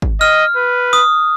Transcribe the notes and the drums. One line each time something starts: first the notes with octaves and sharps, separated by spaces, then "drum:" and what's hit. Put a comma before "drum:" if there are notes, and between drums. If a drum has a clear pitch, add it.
drum: kick G#1
D#5 F6
B4
D#6